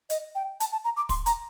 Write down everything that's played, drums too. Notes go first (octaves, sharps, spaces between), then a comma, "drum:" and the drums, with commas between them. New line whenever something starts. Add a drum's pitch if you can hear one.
D#5, drum: hi-hat
G5
A5, drum: hi-hat
A5
A#5
D6
C6, drum: kick, open hi-hat
A#5, drum: hi-hat